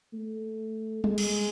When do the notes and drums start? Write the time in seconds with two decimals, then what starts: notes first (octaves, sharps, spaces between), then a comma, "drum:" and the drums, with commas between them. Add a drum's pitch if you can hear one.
0.13 A3
1.04 G#3, drum: tom G3
1.18 drum: cymbal